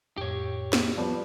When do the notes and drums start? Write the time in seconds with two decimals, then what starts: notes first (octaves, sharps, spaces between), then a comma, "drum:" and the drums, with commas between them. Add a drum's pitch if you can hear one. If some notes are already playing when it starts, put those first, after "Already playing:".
0.18 F2 A2 G4 C#5
0.73 drum: snare
0.97 F3 G3 B3